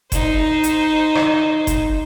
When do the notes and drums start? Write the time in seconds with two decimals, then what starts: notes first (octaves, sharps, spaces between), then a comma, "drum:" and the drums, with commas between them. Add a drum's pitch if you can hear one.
0.12 D#4 C5, drum: kick F#1, hi-hat
0.64 drum: hi-hat
1.15 drum: rim click
1.67 drum: kick F#1, hi-hat